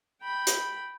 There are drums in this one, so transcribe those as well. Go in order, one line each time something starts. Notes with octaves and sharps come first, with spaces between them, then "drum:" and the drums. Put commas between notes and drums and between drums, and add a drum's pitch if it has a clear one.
G5 B5
drum: hi-hat